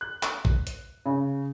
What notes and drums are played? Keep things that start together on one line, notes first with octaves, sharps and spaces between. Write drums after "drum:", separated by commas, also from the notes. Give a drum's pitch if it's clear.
F#6
drum: clap
drum: kick
drum: hi-hat
C#3